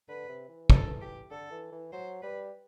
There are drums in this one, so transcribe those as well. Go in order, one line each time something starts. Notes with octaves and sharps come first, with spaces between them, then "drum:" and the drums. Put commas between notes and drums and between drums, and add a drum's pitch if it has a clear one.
D3 B4
C3
E3
A4, drum: kick
G4
D3 A4
E3
E3
F#3 C5
G3 B4